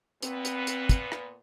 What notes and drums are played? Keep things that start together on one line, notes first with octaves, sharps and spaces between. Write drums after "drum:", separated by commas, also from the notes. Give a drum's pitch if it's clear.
A#2 B3 C4 B4, drum: hi-hat
drum: hi-hat
drum: hi-hat
drum: kick, hi-hat
drum: rim click